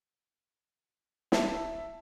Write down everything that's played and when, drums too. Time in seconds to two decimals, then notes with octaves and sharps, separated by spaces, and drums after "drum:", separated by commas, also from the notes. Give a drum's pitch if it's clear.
1.32 E4 E5 A5, drum: snare